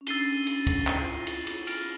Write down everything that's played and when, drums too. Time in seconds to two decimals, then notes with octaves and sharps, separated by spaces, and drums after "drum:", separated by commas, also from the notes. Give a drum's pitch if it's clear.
0.01 C#4
0.07 D4 E6 A6 C7 D#7 G7, drum: cymbal
0.47 drum: cymbal
0.67 drum: kick, cymbal
0.87 E4, drum: clap
0.99 F4
1.11 E4
1.27 drum: cymbal
1.47 drum: cymbal
1.67 F6 A6 D7, drum: cymbal